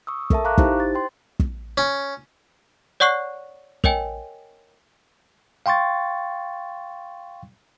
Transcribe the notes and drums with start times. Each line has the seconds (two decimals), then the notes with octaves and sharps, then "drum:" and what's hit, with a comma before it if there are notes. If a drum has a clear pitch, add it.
0.07 C#6 D#6 E6
0.30 A4 A#4 E5 A5, drum: kick
0.45 F5 A#5 C#6 D6 F#6
0.58 D#4 E4 G4 C5, drum: kick
0.80 A6
0.94 C5 G5 C6
1.39 drum: kick
1.78 C#4
3.00 C#5 D5 F#5 C#6 F#6 C7
3.84 A#4 C#5 D#5 G5 G#5, drum: kick
5.66 F5 G5 C6 C#6 A6